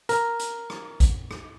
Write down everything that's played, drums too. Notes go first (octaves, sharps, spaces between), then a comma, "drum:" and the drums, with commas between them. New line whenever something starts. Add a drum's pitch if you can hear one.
A#4, drum: hi-hat
drum: hi-hat
drum: rim click
drum: kick A1, hi-hat
drum: rim click